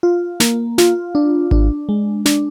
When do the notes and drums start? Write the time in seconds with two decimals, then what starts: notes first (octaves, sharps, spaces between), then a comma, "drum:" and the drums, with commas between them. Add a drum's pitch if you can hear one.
0.03 F4
0.40 A#3, drum: snare
0.78 F4, drum: snare
1.15 D4
1.51 D4, drum: kick G#1
1.89 G#3
2.25 D4, drum: snare